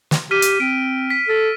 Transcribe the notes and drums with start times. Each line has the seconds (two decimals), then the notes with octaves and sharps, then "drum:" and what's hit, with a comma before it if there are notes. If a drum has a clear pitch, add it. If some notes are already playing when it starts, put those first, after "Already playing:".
0.11 drum: snare
0.31 G4 F6 B6 D#7
0.42 drum: hi-hat
0.60 C4 D7
1.10 B6
1.28 A4